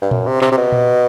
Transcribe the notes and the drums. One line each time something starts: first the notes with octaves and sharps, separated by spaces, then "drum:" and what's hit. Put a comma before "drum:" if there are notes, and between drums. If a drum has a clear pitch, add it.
G2
F#2, drum: tom A#2
C3
C3, drum: clap
C3
B2
drum: tom A#2